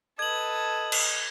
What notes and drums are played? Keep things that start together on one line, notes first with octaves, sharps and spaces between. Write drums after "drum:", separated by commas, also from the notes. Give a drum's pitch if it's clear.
A4 B4 D#5 G#6 F#7
drum: cymbal